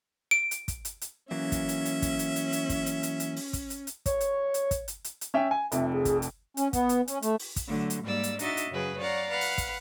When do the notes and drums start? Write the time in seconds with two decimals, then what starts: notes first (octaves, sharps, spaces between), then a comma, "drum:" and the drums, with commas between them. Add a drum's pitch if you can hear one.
0.31 D7
0.51 drum: hi-hat
0.68 drum: kick, hi-hat
0.85 drum: hi-hat
1.01 drum: hi-hat
1.31 E3 F#3 A#3 C#4 E5
1.52 drum: kick, hi-hat
1.69 drum: hi-hat
1.85 drum: hi-hat
2.02 drum: kick, hi-hat
2.19 drum: hi-hat
2.36 drum: hi-hat
2.53 drum: hi-hat
2.69 drum: kick, hi-hat
2.86 drum: hi-hat
3.03 drum: hi-hat
3.20 drum: hi-hat
3.37 drum: open hi-hat
3.53 drum: kick, hi-hat
3.70 drum: hi-hat
3.87 drum: hi-hat
4.06 C#5, drum: kick, hi-hat
4.21 drum: hi-hat
4.54 drum: hi-hat
4.71 drum: kick, hi-hat
4.88 drum: hi-hat
5.04 drum: hi-hat
5.21 drum: hi-hat
5.34 C#4 E5 G5
5.51 G#5
5.72 F1 F2 E5, drum: hi-hat
5.93 G#4
6.05 drum: kick, hi-hat
6.22 drum: hi-hat
6.57 C#4, drum: hi-hat
6.73 B3, drum: kick, hi-hat
6.89 drum: hi-hat
7.08 C#4, drum: hi-hat
7.22 A3, drum: hi-hat
7.40 drum: open hi-hat
7.56 drum: kick, hi-hat
7.67 D3 F#3 A3
7.90 drum: hi-hat
8.04 G#2 G3 A#3 D5 E6
8.23 drum: hi-hat
8.39 D4 D#4 F#4 D#5 E5 A6, drum: hi-hat
8.57 drum: hi-hat
8.70 F#2 C#3 F#3 G#4 B4
8.99 C#5 D5 F5 F#5 A#5
9.30 B4 F5 F#5
9.41 drum: open hi-hat
9.58 drum: kick, hi-hat